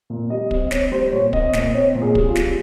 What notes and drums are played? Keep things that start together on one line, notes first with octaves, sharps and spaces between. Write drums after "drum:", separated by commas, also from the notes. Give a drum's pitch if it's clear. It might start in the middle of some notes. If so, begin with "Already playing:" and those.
A#2
G3 D#5
C4 D#5, drum: kick
C4 C#5, drum: snare
G3 C5
A#2 C#5
C4 D#5, drum: kick
A#2 D#5, drum: snare
C4 C#5
A#2
G#4
G3, drum: kick
F4
G3, drum: snare